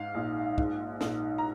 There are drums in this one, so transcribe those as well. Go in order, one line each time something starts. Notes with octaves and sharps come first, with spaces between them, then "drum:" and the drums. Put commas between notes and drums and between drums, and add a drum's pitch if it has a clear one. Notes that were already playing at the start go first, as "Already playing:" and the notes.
Already playing: G#2 F5
A#1
G#2, drum: kick
A#1, drum: snare
A#5